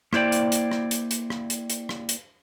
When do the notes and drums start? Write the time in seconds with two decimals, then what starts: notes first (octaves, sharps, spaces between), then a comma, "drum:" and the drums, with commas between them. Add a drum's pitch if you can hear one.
0.13 A#3 E4 C5 D5 G5, drum: rim click
0.32 drum: hi-hat
0.52 drum: hi-hat
0.71 drum: rim click
0.91 drum: hi-hat
1.11 drum: hi-hat
1.30 drum: rim click
1.50 drum: hi-hat
1.70 drum: hi-hat
1.89 drum: rim click
2.09 drum: hi-hat